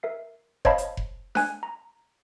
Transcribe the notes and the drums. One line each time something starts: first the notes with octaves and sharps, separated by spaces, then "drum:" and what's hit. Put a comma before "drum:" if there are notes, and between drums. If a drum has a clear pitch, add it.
A#4 E5 C7
C5 C#5 D#5 F5 A5 B5, drum: kick F1
drum: hi-hat
drum: kick F1
G#5 F#6, drum: snare D4
A#5